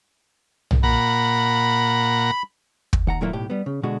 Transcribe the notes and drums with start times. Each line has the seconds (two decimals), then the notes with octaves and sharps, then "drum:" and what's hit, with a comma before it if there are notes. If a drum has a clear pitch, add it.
0.71 drum: tom B1
0.83 A#2 F#5 A#5 B5
2.93 drum: kick
3.07 D#2 F#5 A#5
3.21 A#2 D#3 F#3 A3 A#3 E4
3.33 B1 A2 G4
3.50 G3 B3
3.66 C#3
3.83 B2 D3 G#3 F#4